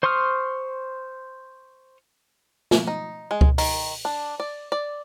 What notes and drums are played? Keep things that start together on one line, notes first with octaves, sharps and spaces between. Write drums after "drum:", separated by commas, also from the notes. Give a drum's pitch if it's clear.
C5 C6 C#6 D#6 F6
drum: snare
D#4
G#3
drum: kick C#2
D#3, drum: open hi-hat
D4
D5
D5